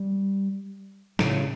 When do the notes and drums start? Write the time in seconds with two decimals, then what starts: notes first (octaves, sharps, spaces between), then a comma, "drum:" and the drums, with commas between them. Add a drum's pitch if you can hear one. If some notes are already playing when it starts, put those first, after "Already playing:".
Already playing: G3
1.19 A2 C#3, drum: snare